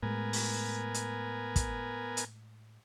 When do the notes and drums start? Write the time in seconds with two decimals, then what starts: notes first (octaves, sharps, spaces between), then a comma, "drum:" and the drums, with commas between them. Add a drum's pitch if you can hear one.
0.03 A2 G#3 B3 A#4 G#5
0.33 drum: open hi-hat
0.94 drum: hi-hat
1.56 drum: kick, hi-hat
2.17 drum: hi-hat